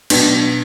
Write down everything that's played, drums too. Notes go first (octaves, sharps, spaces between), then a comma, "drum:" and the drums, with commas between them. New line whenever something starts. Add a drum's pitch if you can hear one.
B2 F#3 B3 D4, drum: cymbal